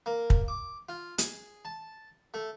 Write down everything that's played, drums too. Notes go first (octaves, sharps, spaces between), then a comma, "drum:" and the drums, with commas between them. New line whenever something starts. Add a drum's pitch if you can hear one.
A#3
drum: kick
D6
F4
G#4, drum: hi-hat
A5
A3